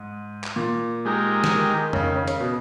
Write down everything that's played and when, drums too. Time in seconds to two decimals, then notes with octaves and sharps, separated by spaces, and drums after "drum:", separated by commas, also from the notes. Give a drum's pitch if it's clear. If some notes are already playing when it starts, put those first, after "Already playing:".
Already playing: G#2
0.44 drum: clap
0.56 A#2
1.05 G#3 D#4 G4 A#4
1.44 drum: snare
1.54 D#3
1.93 C#3, drum: tom F2
2.03 D#3
2.16 C#3
2.28 C#3, drum: hi-hat
2.40 B2